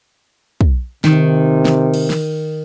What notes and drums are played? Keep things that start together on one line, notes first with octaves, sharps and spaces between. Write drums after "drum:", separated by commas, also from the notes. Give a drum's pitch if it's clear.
drum: kick
C3 D#3, drum: snare
drum: snare
drum: cymbal
drum: snare